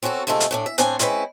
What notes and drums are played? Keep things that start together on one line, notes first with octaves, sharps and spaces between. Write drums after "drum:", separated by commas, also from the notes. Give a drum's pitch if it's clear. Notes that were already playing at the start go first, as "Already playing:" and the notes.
C4 C#4 F#4 G#4 A4
C3 G#3 A3 F4 G#4 A4
drum: hi-hat
A2 A3 D4
E5
A2 C4 D4 A4 C5 G#5, drum: hi-hat
G#3 C4 C#4 E4 B4, drum: hi-hat